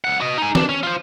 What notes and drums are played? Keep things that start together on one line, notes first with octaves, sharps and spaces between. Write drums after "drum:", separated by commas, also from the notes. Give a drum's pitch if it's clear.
C#2 F#5
F#4 D#5
D#4 G#5
D4, drum: snare
C#4
F4 C5